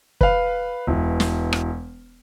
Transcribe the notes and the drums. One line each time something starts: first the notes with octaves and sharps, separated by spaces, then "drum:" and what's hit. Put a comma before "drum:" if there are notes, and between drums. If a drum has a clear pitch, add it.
B4 F5, drum: kick
E1 E3
drum: snare
drum: rim click